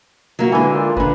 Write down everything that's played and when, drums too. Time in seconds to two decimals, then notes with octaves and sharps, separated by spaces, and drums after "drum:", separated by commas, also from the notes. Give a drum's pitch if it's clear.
0.39 F#3 A#3 F#4
0.52 D3 E3 G#3
0.74 A#2
0.97 A#2 D3 B4, drum: kick